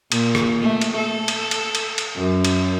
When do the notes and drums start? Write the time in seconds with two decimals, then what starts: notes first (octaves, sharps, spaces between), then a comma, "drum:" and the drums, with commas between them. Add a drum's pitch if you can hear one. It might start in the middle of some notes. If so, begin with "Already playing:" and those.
0.12 A#2, drum: cymbal
0.35 drum: rim click
0.62 A3
0.81 drum: cymbal
0.97 A4
1.28 drum: cymbal
1.51 drum: cymbal
1.75 drum: cymbal
1.98 drum: cymbal
2.16 F#2
2.45 drum: cymbal